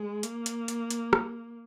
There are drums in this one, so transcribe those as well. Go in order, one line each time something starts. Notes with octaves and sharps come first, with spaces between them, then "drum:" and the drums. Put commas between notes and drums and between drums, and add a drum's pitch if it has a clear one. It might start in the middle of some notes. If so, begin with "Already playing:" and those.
Already playing: G#3
A#3, drum: hi-hat
drum: hi-hat
drum: hi-hat
drum: hi-hat
drum: rim click